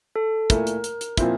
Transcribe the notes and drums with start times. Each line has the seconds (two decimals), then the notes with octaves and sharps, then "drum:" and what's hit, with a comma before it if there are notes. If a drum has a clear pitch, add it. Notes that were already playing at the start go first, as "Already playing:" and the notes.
0.16 A4
0.50 A#2 A3 E4 A#4, drum: kick, hi-hat
0.67 drum: hi-hat
0.84 drum: hi-hat
1.01 drum: hi-hat
1.17 A#2 F3 C4 E4, drum: kick, hi-hat